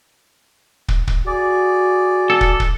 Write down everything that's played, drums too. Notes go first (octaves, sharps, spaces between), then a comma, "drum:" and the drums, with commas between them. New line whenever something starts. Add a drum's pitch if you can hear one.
drum: kick
drum: kick
F#4 G#4 D5
A4
drum: kick
drum: kick